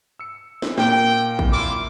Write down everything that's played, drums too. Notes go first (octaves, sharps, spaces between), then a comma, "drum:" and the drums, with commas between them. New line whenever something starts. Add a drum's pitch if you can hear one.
E6 C#7
drum: snare
A#2 A#3 G5, drum: snare
drum: kick
E4 F4 D6